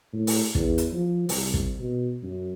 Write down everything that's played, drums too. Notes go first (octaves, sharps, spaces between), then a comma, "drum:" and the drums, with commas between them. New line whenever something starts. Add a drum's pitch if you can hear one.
A2
drum: open hi-hat
E2, drum: kick
drum: hi-hat
F3
C2, drum: open hi-hat
drum: kick
B2
F#2